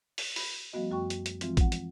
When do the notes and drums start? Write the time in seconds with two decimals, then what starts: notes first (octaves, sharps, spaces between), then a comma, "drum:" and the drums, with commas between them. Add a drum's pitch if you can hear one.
0.18 drum: open hi-hat
0.36 B5, drum: open hi-hat
0.73 F3 G3 A3 B3 F#4 D#5
0.91 F#2 F#4 G5 C#6
1.10 drum: hi-hat
1.26 drum: hi-hat
1.41 E3 F3 G#3 C4 F4, drum: hi-hat
1.57 F3 F#5, drum: kick A1, hi-hat
1.72 drum: hi-hat